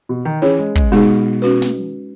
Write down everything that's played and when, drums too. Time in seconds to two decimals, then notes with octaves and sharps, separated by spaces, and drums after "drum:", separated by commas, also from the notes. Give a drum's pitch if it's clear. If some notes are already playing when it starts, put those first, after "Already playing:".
0.09 B2
0.25 D#3
0.42 E3 C#4 G#4 C#5
0.59 G#3
0.75 G#3, drum: kick
0.92 B2 G#3 D#4 G#4
1.42 C#4 F#4 B4
1.62 drum: snare